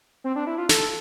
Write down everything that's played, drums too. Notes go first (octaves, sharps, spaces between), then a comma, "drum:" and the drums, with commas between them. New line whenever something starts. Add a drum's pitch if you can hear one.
C4
D4
E4
F4
A4, drum: snare